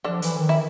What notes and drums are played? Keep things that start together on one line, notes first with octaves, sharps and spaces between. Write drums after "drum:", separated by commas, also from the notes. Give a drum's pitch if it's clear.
D3 F3 D4
E3, drum: hi-hat
D#3
E4